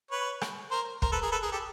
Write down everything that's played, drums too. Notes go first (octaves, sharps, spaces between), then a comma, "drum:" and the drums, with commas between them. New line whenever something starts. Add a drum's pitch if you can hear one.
B4 C#5
drum: rim click
A#4 C5
A#4 C5, drum: kick
A4 B4
G#4 A#4
A4 B4
G#4 A#4
G4 A4